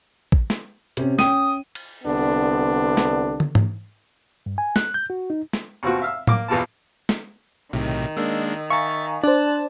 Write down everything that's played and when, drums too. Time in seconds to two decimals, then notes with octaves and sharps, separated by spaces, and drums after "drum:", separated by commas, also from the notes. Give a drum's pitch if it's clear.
0.32 drum: kick A1
0.50 drum: snare
0.97 C3 C#4, drum: hi-hat
1.19 C#4 G5 D#6 D#7, drum: snare
1.75 drum: cymbal
2.04 C2 D3 B3 D4
2.97 drum: snare
3.40 drum: tom
3.55 drum: tom G#2
4.46 G2
4.58 G#5
4.76 F#6, drum: snare
4.94 G6
5.10 F#4
5.30 D#4
5.53 drum: snare
5.83 D#2 B2 C4 F4 F#4
6.02 E5 F5 E6
6.27 A#3 D6, drum: tom A2
6.48 A#1 E2 B2 A5
7.09 drum: snare
7.73 B1 A2 C3 D#3
8.17 G#3 A#3 D4 E6
8.70 E5 F5 G#5 A#5 C#6 A6
9.24 D4 C5 D5 A5 F#6